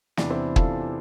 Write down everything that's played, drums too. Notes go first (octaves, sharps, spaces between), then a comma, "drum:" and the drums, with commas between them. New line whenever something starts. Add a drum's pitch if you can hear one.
E2 C3 E3 B3 D4, drum: snare
C4 E4
F4 A4, drum: kick